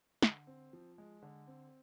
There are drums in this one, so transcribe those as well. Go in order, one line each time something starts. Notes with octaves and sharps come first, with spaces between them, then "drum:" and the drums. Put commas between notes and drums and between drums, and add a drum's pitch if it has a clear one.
D3, drum: snare
C4
F3
G#3
D3
C4